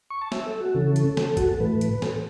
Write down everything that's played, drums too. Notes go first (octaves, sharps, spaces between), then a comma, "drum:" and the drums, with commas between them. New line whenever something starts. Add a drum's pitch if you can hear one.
C#6
A5
E5, drum: snare
A4
F#4
C#3 E3 C#4 A4
drum: hi-hat
drum: snare
F#4, drum: kick, hi-hat
A4
A2 E3 A3 B4
drum: hi-hat
A4, drum: snare
A4